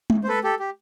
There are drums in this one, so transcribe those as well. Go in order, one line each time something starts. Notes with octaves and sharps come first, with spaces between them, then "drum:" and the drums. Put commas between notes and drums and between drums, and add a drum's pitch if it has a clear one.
drum: tom G#3
C5
A4 B4
G4 A4
G4